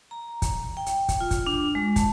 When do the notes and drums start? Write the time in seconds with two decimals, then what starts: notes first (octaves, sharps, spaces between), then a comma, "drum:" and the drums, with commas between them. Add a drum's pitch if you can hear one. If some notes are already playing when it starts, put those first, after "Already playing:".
0.11 A#5
0.42 drum: kick, hi-hat
0.77 G5
0.86 drum: hi-hat
1.09 drum: kick, hi-hat
1.21 F4
1.31 drum: kick, hi-hat
1.47 D4
1.75 G#3
1.96 A5, drum: kick, hi-hat